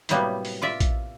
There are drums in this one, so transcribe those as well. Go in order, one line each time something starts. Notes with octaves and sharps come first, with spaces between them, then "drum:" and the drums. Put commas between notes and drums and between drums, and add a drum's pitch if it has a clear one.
A2 C3 F#3 G3 A#3 B3, drum: hi-hat
drum: open hi-hat
F4 D5 E5
drum: kick A#1, hi-hat